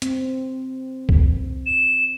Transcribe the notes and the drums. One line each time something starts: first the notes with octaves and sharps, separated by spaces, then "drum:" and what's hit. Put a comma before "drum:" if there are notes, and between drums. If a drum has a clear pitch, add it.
C4, drum: hi-hat
drum: kick C2
E7